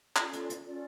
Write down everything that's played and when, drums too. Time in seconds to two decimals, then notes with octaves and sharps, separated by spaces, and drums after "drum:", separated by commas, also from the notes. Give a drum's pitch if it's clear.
0.16 C#4 F4 A4 D5, drum: clap
0.33 drum: hi-hat
0.50 drum: hi-hat
0.66 C#4 F4 A4 D5